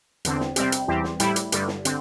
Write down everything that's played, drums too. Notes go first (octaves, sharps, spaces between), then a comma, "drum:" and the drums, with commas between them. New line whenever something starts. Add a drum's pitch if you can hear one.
E2 D3 C4, drum: hi-hat
drum: snare
C3 G3 C4 G4, drum: hi-hat
drum: hi-hat
E2 E3 G3 C4 G4
drum: snare
A2 G3 E4 G4, drum: hi-hat
drum: hi-hat
G2 D3 G3, drum: hi-hat
drum: snare
D3 C4, drum: hi-hat